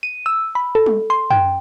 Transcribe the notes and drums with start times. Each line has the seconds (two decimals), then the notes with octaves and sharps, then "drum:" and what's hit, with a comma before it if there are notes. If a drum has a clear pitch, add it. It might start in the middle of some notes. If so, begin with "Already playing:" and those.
0.03 D#7
0.26 E6
0.55 B5
0.75 A4
0.86 drum: tom G3
1.10 C6
1.31 G5, drum: tom F#2